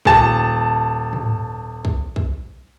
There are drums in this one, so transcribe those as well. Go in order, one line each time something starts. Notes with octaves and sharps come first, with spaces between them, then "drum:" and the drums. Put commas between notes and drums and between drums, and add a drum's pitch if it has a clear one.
D#1 A5, drum: kick B1
drum: tom
drum: kick B1
drum: kick B1